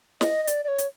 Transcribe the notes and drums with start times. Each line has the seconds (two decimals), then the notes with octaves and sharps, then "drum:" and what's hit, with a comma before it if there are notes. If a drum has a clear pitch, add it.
0.21 D#5, drum: snare
0.43 D#5
0.47 D5, drum: hi-hat
0.64 D5
0.68 C#5
0.78 drum: hi-hat